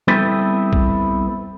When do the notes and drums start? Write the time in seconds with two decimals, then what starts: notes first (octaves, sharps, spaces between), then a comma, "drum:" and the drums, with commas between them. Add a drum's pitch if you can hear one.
0.08 G3 B3 C4 E4 A4 B4
0.73 drum: kick A#1